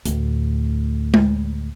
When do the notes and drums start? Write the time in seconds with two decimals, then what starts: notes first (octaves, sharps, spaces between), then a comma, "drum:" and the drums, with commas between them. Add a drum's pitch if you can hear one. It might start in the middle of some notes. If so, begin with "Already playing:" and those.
0.05 D2 A2, drum: hi-hat
1.14 drum: tom G#3